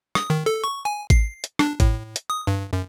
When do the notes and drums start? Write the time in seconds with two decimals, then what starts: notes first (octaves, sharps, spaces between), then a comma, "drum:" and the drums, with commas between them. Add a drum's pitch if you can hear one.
0.15 D#6, drum: rim click
0.30 D#3
0.46 A4
0.64 C#6
0.85 G#5
1.10 C7, drum: kick A1, hi-hat
1.44 drum: hi-hat
1.59 D4, drum: rim click
1.80 A2, drum: kick A1, hi-hat
2.16 drum: hi-hat
2.30 D#6
2.47 G2
2.73 F#2